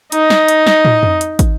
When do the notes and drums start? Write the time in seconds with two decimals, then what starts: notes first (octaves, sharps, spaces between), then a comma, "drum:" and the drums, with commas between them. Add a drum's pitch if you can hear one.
0.12 D#4 D#5, drum: hi-hat
0.30 drum: snare
0.48 drum: hi-hat
0.67 drum: snare
0.85 drum: tom
1.03 drum: tom F2
1.21 drum: hi-hat
1.39 drum: kick, hi-hat